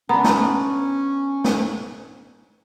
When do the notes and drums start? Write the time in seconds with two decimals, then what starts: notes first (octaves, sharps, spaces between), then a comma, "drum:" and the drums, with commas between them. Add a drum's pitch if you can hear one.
0.09 B3 C#4 D4 A#5
0.24 drum: snare
1.44 drum: snare